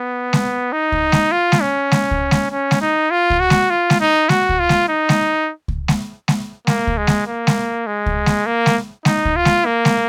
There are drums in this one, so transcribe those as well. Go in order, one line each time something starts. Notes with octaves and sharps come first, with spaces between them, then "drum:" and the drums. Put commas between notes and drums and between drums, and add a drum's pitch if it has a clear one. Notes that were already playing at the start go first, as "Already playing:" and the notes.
Already playing: B3
drum: snare G#3
D#4
drum: kick C#2
drum: snare G#3
F4
drum: snare G#3
C#4
drum: snare G#3
drum: kick C#2
drum: snare G#3
C#4
drum: snare G#3
D#4
F4
drum: kick C#2
F#4
drum: snare G#3
F4
drum: snare G#3
D#4
F#4, drum: snare G#3
drum: kick C#2
F4
drum: snare G#3
D#4
drum: snare G#3
drum: kick C#2
drum: snare G#3
drum: snare G#3
A#3, drum: snare G#3
drum: kick C#2
G#3
drum: snare G#3
A#3
drum: snare G#3
G#3
drum: kick C#2
drum: snare G#3
A#3
drum: snare G#3
D#4, drum: snare G#3
drum: kick C#2
F4
drum: snare G#3
A#3
drum: snare G#3